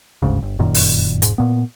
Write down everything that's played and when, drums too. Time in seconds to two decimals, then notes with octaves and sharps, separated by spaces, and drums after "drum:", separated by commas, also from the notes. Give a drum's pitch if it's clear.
0.22 G1 D2 G#2 C#3
0.43 G1
0.59 F1 F#2 A#2 D#3
0.74 drum: open hi-hat
1.22 E1 G#2, drum: hi-hat
1.38 A#2 B3